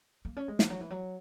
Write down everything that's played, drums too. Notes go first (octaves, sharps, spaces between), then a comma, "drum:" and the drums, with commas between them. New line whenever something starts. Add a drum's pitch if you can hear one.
A#3
C#4
G#3
E3, drum: snare
F#3
E3
F#3